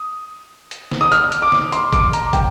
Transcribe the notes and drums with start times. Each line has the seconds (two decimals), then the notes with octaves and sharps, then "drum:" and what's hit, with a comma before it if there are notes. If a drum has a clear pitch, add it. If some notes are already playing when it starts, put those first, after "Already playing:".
Already playing: D#6
0.71 drum: hi-hat
0.91 drum: snare
1.01 D#6
1.12 F6, drum: hi-hat
1.32 drum: hi-hat
1.42 D6
1.52 drum: snare
1.72 C6, drum: hi-hat
1.93 D6, drum: kick, hi-hat
2.13 A#5, drum: hi-hat
2.33 G5, drum: kick, hi-hat